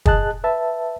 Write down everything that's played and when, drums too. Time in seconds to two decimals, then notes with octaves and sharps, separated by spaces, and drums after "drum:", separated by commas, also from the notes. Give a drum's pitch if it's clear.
0.06 G#4 D#5 A5 F#6, drum: kick
0.44 B4 E5 A5